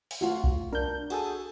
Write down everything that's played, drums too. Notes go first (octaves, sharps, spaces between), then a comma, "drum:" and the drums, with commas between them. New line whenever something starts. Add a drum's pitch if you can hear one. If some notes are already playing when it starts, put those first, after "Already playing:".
drum: open hi-hat
A3 F4 F#4
drum: kick B1
D4 A#4 G6
F#4 G#4 A4, drum: cymbal